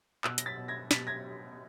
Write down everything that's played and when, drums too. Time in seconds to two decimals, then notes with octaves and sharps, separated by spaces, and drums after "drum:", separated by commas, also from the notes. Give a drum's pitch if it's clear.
0.24 B2 E6 F#6, drum: clap
0.38 A#6, drum: hi-hat
0.46 A6 B6
0.57 B2
0.68 G#6 A#6
0.91 B2 A6 B6, drum: snare
1.07 G#6 A#6